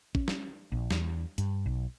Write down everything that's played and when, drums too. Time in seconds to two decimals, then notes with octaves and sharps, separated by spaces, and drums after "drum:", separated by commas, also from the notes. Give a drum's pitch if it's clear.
0.15 C#4, drum: kick
0.28 drum: snare
0.72 A#1
0.91 E2, drum: snare
1.38 G2, drum: hi-hat
1.66 B1